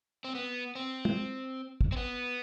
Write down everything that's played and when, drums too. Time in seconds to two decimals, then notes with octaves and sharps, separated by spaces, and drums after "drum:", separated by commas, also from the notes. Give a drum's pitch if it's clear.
0.24 C4
0.35 B3
0.75 C4
1.05 drum: tom
1.81 drum: kick
1.92 C4
1.97 B3